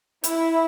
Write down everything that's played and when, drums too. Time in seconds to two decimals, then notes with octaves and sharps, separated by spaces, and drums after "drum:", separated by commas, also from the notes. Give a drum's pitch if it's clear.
0.24 E4, drum: hi-hat